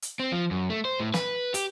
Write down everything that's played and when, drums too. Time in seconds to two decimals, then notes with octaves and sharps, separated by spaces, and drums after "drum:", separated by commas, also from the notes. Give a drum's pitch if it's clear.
0.02 drum: hi-hat
0.20 C4
0.32 F3
0.51 F#2
0.70 A3
0.85 C5
1.00 A2
1.14 B4, drum: snare
1.54 G4, drum: hi-hat